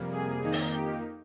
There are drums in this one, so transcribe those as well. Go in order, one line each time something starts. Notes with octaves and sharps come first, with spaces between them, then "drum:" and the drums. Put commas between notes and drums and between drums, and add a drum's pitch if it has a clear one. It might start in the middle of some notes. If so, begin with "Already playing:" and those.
Already playing: F2 C3 G3 A#3
G#4
F2 D#3 A#3 D#4
drum: open hi-hat
G4